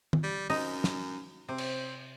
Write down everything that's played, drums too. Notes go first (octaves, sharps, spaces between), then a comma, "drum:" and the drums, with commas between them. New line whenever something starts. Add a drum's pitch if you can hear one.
drum: tom
G3
F#2 D#4, drum: open hi-hat
drum: snare
C3 C4
drum: cymbal